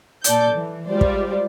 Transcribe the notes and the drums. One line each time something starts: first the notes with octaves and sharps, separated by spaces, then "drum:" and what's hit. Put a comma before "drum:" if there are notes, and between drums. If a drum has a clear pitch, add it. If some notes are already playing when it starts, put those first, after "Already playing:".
A#2 A4 D5 D6 G6, drum: hi-hat
E3
G3 G#3 F4 G4 C5 D5
drum: kick